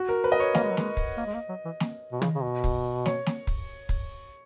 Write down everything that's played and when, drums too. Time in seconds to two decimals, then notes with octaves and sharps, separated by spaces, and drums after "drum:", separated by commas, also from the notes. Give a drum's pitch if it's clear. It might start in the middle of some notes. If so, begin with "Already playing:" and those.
Already playing: F#4
0.09 A#4
0.24 B4
0.32 D#5
0.40 C#5
0.55 A#3 D#5, drum: snare
0.63 G#3
0.70 F#3
0.77 G#3, drum: snare
0.97 drum: kick
1.17 A#3
1.26 G#3
1.34 A#3
1.49 F#3
1.65 E3
1.80 drum: snare
2.12 B2
2.22 C#3, drum: tom
2.35 C#3
2.43 B2
2.64 drum: kick
3.06 C#5, drum: snare
3.26 drum: snare
3.47 drum: kick
3.89 drum: kick